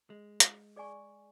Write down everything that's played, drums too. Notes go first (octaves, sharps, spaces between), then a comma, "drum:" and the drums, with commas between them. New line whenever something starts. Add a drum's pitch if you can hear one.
G#3
drum: hi-hat
G#4 D5 G#5 C#6